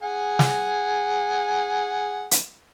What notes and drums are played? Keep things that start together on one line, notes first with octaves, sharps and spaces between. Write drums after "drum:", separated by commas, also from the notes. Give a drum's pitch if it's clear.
G#4 F#5 G#5
drum: snare
drum: hi-hat